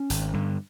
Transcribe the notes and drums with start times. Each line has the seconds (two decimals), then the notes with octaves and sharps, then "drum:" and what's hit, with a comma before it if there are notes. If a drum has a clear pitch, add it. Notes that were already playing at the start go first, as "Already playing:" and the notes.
Already playing: C#4
0.10 G#1, drum: hi-hat
0.33 G2 D3